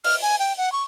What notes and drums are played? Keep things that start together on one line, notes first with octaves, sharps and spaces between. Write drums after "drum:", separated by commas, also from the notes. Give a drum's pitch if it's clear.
F6, drum: open hi-hat
G#5
G5
F#5
C#6